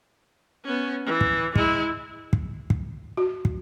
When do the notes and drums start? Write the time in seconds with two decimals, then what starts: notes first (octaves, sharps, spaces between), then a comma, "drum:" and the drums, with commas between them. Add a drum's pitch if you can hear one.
0.65 B3 C#4
1.06 E3
1.21 drum: kick
1.56 G#3 E4, drum: kick
2.33 drum: kick
2.70 drum: kick
3.17 F#4
3.45 drum: kick